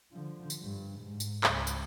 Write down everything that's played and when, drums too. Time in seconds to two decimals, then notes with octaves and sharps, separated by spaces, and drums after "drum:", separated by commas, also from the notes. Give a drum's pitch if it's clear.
0.12 D3 F3
0.50 drum: tambourine
0.61 G2
1.00 G#2
1.20 drum: tambourine
1.44 C#2, drum: clap
1.67 drum: tambourine